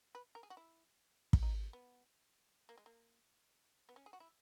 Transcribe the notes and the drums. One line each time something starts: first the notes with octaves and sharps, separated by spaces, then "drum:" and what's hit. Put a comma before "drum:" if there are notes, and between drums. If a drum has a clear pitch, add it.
B4
A#4
G#4
F#4
E4
drum: kick
D#4
B3
A#3
G#3
A#3
B3
C#4
G#4
F#4
E4